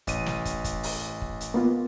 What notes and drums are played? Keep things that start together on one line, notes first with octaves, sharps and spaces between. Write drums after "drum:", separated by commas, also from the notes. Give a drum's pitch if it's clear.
A1 D#7, drum: kick, hi-hat
drum: snare
drum: kick, hi-hat
drum: kick, hi-hat
drum: open hi-hat
drum: kick
drum: hi-hat
A#3 B3 F4